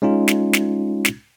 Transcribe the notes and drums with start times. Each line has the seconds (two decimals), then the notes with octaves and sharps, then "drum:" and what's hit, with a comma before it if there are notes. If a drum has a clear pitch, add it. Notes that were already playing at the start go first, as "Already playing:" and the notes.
0.02 G#3 C#4 D#4 F4
0.28 drum: snare
0.53 drum: snare
1.05 drum: snare